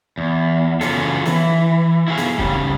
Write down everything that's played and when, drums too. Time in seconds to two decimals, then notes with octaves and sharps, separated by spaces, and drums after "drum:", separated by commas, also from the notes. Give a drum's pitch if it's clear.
0.18 E2
0.81 C#3 E3 F#3 C#4 F4 A4, drum: snare
1.25 E3, drum: snare
2.08 E4 F#4 G#4 F5
2.17 drum: snare
2.38 C#3 G3, drum: kick